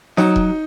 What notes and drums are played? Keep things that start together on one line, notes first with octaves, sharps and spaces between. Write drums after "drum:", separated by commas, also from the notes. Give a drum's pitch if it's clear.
F#3 D#4, drum: snare
drum: kick E1